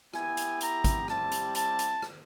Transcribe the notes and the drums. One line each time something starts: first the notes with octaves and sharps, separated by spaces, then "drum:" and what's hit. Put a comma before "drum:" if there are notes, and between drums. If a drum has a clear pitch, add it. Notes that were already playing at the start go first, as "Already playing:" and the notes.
B3 E4 G4 G#5, drum: rim click
drum: hi-hat
A#5, drum: hi-hat
drum: kick, hi-hat
G3 C4 E4 G4 A5, drum: rim click
drum: hi-hat
A5, drum: hi-hat
drum: hi-hat
drum: rim click